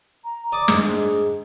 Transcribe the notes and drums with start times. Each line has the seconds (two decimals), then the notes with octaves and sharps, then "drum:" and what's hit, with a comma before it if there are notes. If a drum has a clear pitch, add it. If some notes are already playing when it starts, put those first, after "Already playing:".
0.24 A#5
0.52 D5 D6 D#6
0.68 G#2 D4, drum: snare